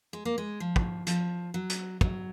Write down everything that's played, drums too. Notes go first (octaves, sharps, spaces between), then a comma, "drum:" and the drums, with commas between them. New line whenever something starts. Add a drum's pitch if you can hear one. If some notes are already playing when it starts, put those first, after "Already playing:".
G#3
A#3
G#3
F3
drum: kick
F3, drum: hi-hat
F#3
drum: hi-hat
F#3, drum: kick